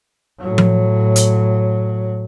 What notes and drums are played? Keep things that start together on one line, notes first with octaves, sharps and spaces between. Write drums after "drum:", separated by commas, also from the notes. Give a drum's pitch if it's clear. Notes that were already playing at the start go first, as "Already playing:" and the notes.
A2 F#3
drum: tom F3
drum: hi-hat